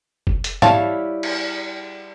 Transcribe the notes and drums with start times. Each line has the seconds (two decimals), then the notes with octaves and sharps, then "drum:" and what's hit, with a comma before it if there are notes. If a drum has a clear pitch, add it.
0.27 drum: kick F1
0.44 drum: hi-hat
0.62 G3 E4 C#5 F5 A5, drum: tom G#2
1.23 drum: cymbal